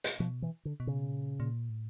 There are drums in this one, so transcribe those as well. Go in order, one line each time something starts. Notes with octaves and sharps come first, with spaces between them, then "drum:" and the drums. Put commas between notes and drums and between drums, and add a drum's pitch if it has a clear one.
drum: hi-hat
B2 F3
E3
D3
B2
C#3
A#2
A#2
A2